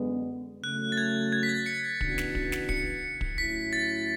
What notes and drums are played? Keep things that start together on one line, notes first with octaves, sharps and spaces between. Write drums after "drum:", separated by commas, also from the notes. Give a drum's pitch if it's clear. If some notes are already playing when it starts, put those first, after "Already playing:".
Already playing: F#2 D3 G#3 B3
C#3 F#3 A3 F#6
A6
G#6
G#6
B6
A6
C#7
C#3 E3 B3 D4 F#4, drum: kick
drum: snare
drum: kick
drum: snare
C#7, drum: kick
drum: kick
A2 F#3 C#4 E4 B6
A6